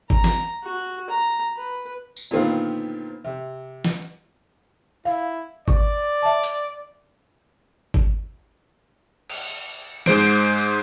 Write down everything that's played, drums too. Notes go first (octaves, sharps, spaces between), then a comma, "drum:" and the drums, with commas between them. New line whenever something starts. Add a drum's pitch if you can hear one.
A#5, drum: kick G#1
drum: snare
F#4
A#5
B4
drum: tambourine
A#2 D3 D#3 B3 C4 F4
C3
drum: snare
E4 F5
D5 C#6, drum: kick G#1
E5 A5
drum: hi-hat
drum: kick G#1
drum: cymbal
G#2 G#3 C5 D7, drum: snare
drum: tambourine